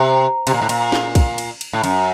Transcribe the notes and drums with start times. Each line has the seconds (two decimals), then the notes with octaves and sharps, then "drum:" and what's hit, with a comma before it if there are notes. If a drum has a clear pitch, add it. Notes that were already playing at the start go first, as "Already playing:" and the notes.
Already playing: C3
0.47 C3, drum: cymbal
0.54 A#2
0.62 A2
0.69 A#2, drum: cymbal
0.92 drum: snare
1.15 drum: kick, cymbal
1.38 drum: cymbal
1.61 drum: cymbal
1.73 A2
1.84 F#2, drum: cymbal